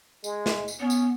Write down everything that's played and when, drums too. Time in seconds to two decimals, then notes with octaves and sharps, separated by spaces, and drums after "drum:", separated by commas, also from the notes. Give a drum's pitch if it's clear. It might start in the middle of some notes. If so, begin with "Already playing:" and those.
0.24 G#3, drum: tambourine
0.46 drum: snare
0.68 drum: tambourine
0.80 B3 C#4
0.90 drum: tambourine